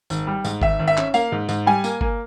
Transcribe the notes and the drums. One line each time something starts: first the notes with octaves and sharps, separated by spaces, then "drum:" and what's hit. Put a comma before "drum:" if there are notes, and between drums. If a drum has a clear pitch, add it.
G#1, drum: tambourine
G3
G#2, drum: tambourine
G#1 E5, drum: kick G1
G#1
E5
C#4, drum: clap
A#3 F5, drum: tambourine
G#2
G#2, drum: tambourine
G3 G#5
A#3, drum: tambourine
A#3, drum: kick G1